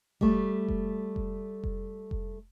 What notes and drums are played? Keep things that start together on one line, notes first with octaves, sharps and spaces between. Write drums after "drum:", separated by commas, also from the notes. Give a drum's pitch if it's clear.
G3 A3, drum: kick F1
drum: kick F1
drum: kick F1
drum: kick F1
drum: kick F1